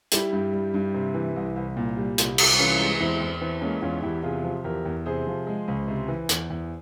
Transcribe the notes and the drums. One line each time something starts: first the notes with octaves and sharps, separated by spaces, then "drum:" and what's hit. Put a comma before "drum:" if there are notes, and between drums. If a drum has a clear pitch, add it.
G3 E4 G4, drum: hi-hat
G2
G3
G2
C3
E3
C2
C2
A#2
G3
C2, drum: hi-hat
C2, drum: cymbal
E3 C#4 F4
G#3
E2 C4 E4
E2
E3 C4
G#3 A#3 C#4
E2 C#4 F4
E2 E4 G4
C3 F4 G#4
F3
E2 G4 A#4
E2
C3 G#4 C5
F3
G#3
C#2
C3
E3
E2, drum: hi-hat
E2